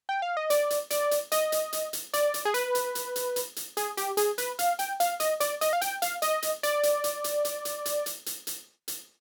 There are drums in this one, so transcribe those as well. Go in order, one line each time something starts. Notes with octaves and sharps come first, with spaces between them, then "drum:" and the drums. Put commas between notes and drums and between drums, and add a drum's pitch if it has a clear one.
G5
F5
D#5
D5, drum: hi-hat
drum: hi-hat
D5, drum: hi-hat
drum: hi-hat
D#5, drum: hi-hat
drum: hi-hat
drum: hi-hat
drum: hi-hat
D5, drum: hi-hat
drum: hi-hat
G#4
B4, drum: hi-hat
drum: hi-hat
drum: hi-hat
drum: hi-hat
drum: hi-hat
drum: hi-hat
G#4, drum: hi-hat
G4, drum: hi-hat
G#4, drum: hi-hat
B4, drum: hi-hat
F5, drum: hi-hat
G5, drum: hi-hat
F5, drum: hi-hat
D#5, drum: hi-hat
D5, drum: hi-hat
D#5, drum: hi-hat
F5
G5, drum: hi-hat
F5, drum: hi-hat
D#5, drum: hi-hat
drum: hi-hat
D5, drum: hi-hat
drum: hi-hat
drum: hi-hat
drum: hi-hat
drum: hi-hat
drum: hi-hat
drum: hi-hat
drum: hi-hat
drum: hi-hat
drum: hi-hat
drum: hi-hat